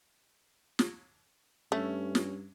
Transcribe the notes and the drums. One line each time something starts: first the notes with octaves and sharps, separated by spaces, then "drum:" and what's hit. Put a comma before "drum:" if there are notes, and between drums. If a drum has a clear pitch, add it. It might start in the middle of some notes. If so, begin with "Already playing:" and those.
drum: snare
G2 A3 C#4
drum: snare